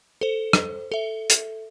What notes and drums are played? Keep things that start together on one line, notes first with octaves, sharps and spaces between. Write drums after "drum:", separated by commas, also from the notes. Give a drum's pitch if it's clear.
A4 C5
drum: rim click
A4 E5
drum: hi-hat